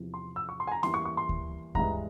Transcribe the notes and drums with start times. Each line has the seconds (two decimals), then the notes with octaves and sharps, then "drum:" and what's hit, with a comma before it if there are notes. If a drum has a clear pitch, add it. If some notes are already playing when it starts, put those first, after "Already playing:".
Already playing: E2 C3 F3
0.14 C6
0.36 E6
0.49 C#6
0.60 C6
0.67 G#5
0.72 A#5
0.83 E2 E3 G3 A#3 C6, drum: snare C4
0.94 C#6
1.05 C#6
1.17 C6
1.29 drum: kick D2
1.75 G2 E3 G#3 E4 A#5, drum: kick D2